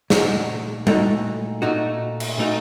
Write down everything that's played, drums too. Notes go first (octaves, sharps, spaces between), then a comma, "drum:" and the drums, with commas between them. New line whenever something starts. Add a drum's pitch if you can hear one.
A#2 A3 D#4 F#4, drum: snare
A#2 A3 D#4 F#4, drum: tom G3
A#2 A3 D#4 F#4
drum: cymbal
A#2 A3 D#4 F#4